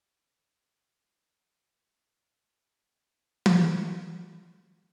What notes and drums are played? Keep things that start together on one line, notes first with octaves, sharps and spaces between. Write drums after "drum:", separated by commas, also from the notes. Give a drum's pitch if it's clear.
C5
C#5
C5
B4
C5
C5
G#4
F#4
E4
D#4
F#4
drum: tom E3
F4
E4
F4
G4
A4
A#4
A#4